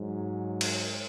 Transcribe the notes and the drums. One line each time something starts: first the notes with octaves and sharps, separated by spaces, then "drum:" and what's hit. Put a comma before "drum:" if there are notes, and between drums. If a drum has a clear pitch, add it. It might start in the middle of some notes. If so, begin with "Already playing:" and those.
Already playing: G#2 F#3
drum: cymbal